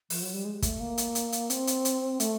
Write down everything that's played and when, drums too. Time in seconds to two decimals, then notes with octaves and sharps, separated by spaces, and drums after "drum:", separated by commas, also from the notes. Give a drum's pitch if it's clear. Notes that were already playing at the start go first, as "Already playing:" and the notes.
0.10 F3, drum: open hi-hat
0.22 F#3
0.34 G3
0.45 G#3
0.62 A3, drum: kick, hi-hat
0.80 A#3
0.98 drum: hi-hat
1.15 drum: hi-hat
1.32 drum: hi-hat
1.50 C4, drum: hi-hat
1.67 drum: hi-hat
1.85 drum: hi-hat
2.20 A3, drum: hi-hat